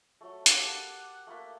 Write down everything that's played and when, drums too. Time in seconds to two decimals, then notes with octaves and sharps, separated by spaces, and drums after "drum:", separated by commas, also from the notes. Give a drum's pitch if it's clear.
0.21 F#3 A3
0.46 A#3 G4 A4 F#5, drum: hi-hat
0.62 A5 D6
1.27 A3 A#3 B4